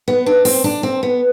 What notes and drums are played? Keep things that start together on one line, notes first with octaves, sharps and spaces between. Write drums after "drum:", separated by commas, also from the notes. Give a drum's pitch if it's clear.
B3
D4
C4, drum: open hi-hat
D4
C4
B3